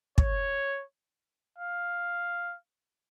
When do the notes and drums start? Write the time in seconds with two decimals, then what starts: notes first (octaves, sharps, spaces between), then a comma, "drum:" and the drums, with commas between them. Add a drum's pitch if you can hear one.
0.18 C#5, drum: kick
1.58 F5